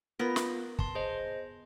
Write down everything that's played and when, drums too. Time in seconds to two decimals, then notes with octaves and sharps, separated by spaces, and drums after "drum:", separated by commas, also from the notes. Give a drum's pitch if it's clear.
0.19 B3 F4 A#4 A#6
0.36 drum: snare
0.79 A5 C6, drum: kick
0.95 G#4 C5 D#5